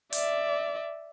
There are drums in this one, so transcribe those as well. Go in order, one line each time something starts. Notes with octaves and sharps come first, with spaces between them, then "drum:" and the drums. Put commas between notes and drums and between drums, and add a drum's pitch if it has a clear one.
D5 E5, drum: open hi-hat